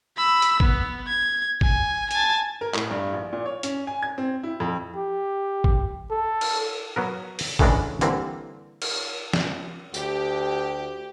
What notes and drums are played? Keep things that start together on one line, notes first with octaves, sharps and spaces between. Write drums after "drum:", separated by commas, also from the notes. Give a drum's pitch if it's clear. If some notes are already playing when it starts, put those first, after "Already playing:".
B5 E6
drum: hi-hat
B3, drum: kick
G#6
G#5, drum: kick
G#5 A5, drum: hi-hat
A#4
A2, drum: clap
G2
A#1
A#2
C#5
C#4, drum: hi-hat
G#5
G#6
C4
E4
F2
G4
drum: kick
A4
drum: cymbal
F#3 B3 A#4
drum: open hi-hat
A2 C#3 E3 G#3 D4 A#4, drum: kick
D3 E3 G3 A#3 C4, drum: hi-hat
drum: cymbal
drum: snare
D2 G4, drum: tambourine